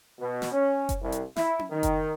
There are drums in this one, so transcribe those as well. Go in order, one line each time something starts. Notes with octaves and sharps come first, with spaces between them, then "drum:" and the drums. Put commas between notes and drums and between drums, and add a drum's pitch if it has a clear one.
B2
drum: snare
C#4
drum: kick F#1, hi-hat
C2
drum: hi-hat
E4, drum: snare
drum: tom C#4
D#3
drum: kick F#1, hi-hat